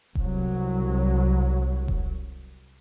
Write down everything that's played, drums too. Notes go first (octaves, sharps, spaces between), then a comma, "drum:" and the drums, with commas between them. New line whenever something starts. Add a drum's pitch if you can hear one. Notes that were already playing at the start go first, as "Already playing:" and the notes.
C2 F#3, drum: kick E1
drum: kick E1